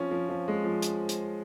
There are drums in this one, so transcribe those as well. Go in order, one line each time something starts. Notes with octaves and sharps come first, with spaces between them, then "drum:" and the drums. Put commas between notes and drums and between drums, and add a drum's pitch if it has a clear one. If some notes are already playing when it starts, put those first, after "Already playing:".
Already playing: F3 C#4
F3
F3
G#3
F3
drum: hi-hat
drum: hi-hat